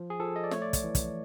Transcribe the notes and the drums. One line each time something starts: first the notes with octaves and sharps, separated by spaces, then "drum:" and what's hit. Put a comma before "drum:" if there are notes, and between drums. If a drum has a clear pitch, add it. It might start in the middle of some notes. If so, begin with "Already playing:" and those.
Already playing: F3
G#4
F3 A4
D#5
D5
A3 C#5, drum: snare
D5
drum: kick, hi-hat
E3
drum: kick, hi-hat